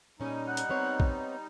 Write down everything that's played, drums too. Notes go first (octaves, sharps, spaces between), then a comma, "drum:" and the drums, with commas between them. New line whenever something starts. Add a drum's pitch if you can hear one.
A#2 G3 C#4 D#4 G#5
F#5
drum: hi-hat
B3 C4 C#5
drum: kick